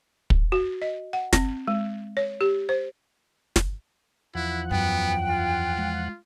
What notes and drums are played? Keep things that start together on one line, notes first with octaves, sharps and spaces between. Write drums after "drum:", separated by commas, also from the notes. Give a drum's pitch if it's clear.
drum: kick
F#4
D#5
F#5
C4, drum: snare
G#3
C#5
G4
C5
drum: snare
E2 F3 E4 F#5
F#2 B3 G5
F4
G#3